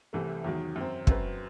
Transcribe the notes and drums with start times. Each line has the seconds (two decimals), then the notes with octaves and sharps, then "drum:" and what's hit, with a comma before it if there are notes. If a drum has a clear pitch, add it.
0.13 C2 C3 E3 A3
0.44 E2 D#3 F#3
0.76 F#2 F#3 C4
1.07 F#2 F#3 C4 F#4 B4, drum: kick